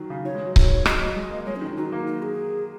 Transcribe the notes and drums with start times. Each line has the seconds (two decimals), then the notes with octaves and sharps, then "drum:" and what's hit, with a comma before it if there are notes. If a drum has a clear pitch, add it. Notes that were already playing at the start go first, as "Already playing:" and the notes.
Already playing: D#3 F#3
0.10 C#3
0.25 D#3 C#5
0.35 G#3
0.45 F#3
0.56 D#3 C#5, drum: kick C#1
0.86 F#3 D#5, drum: rim click
1.16 G#3
1.31 A#3
1.46 G#3 C#5
1.56 C#4
1.61 D#3
1.67 D#4
1.73 D#3
1.77 F#3 D#4
1.92 A#3
2.07 D#4
2.22 G#4